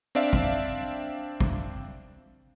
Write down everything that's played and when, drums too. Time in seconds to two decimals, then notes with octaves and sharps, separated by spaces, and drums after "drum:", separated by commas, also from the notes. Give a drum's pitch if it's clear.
0.15 C4 D4 D5 E5 F5
0.33 drum: kick
1.40 drum: kick